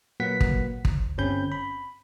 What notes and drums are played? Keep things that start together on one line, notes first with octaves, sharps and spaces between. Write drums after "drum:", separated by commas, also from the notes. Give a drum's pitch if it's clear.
A#2 F#3 A#3 B4 F#5 B6
drum: kick
D2, drum: kick
G1 G2 C4 C#4 B5 G6
B5